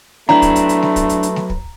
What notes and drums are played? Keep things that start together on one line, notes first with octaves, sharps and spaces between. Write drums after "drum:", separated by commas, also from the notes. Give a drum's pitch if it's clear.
F#3 A3 D4 E4 B4 G5 A#5, drum: snare A3
drum: kick, hi-hat
drum: hi-hat
drum: hi-hat
drum: snare A3
drum: kick, hi-hat
drum: hi-hat
drum: hi-hat
drum: snare A3
drum: kick